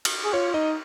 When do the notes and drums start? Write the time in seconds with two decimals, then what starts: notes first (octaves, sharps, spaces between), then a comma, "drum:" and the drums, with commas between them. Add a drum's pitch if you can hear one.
0.05 drum: cymbal
0.24 G#4
0.33 F4 C#5
0.54 D#4 D#5